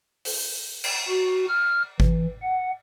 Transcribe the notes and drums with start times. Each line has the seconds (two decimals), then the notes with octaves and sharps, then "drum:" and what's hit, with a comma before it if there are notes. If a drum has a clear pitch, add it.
0.25 drum: open hi-hat
0.84 drum: cymbal
1.08 F#4
1.49 F6
2.00 E3, drum: kick G#1
2.42 F#5